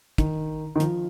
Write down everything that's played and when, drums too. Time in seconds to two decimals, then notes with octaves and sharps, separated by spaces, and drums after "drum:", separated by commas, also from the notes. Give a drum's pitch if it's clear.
0.18 D#3, drum: kick, hi-hat
0.76 D#3
0.80 F3, drum: hi-hat